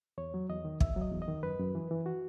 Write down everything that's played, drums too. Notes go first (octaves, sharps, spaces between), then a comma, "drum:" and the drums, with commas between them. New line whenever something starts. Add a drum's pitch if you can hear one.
E2 C#5
F#3
E2 D#5
D#3
E2 E5, drum: kick
F#3
D#5
E2
D#5
D#3
F#2 B4
F#2
E3
E3
F#4